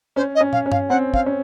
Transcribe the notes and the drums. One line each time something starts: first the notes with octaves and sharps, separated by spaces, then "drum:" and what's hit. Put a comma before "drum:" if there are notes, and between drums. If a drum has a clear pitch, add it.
C#4 C5
D#5
C#4
F5, drum: tom
C#4
F5, drum: tom G2
C4 F#5
F5, drum: kick
C#4